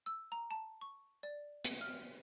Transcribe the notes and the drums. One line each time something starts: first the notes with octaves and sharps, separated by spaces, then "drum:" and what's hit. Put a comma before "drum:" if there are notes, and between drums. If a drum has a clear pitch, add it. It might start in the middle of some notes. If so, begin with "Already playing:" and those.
E6
A#5
A5
C#6
D5
drum: hi-hat
F6